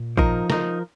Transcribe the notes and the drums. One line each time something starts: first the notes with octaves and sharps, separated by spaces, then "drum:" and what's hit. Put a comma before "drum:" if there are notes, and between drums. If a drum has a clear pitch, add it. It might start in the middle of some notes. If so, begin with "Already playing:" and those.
Already playing: A#2
F3 D#4 A#4, drum: kick A1
F3 D#4 A#4, drum: snare